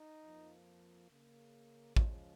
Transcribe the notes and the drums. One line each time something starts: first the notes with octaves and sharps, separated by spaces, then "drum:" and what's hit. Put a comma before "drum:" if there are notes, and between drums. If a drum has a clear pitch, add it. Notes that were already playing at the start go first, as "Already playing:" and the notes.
Already playing: D#4
F2 F3 A#3
C#3 A#3
C#3 F3 G#3 F4, drum: kick